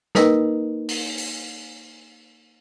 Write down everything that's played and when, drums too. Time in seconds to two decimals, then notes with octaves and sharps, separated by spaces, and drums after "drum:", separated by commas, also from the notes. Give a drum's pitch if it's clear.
0.15 A#3 D#4 A#4 B4 D#5 E6, drum: snare
0.89 drum: open hi-hat
1.18 drum: open hi-hat